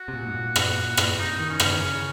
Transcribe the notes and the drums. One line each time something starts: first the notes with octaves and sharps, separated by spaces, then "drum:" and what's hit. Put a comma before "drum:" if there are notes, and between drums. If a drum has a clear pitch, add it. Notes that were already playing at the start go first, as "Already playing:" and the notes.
Already playing: F#4
C3
A#2
G#2
A#2
drum: rim click
drum: rim click
C3 D#4
D#3
C#4
C#3, drum: rim click
D#3
C#3